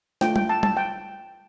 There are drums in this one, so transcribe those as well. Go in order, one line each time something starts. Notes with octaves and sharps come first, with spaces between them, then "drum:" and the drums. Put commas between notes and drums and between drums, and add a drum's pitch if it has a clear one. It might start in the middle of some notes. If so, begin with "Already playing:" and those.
A3 D4 F4 G5, drum: snare
G5, drum: tom G3
A5
A5, drum: tom G3
G5